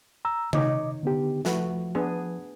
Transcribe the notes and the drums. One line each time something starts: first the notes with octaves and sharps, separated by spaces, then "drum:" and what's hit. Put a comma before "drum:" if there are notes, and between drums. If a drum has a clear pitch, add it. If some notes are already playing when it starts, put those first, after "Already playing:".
A#5 E6
D#3 D#4 C#5 D#5 D6, drum: tom C3
D3 B3 G4
F3 A3 F#4 B4, drum: snare
B3 D4 G#4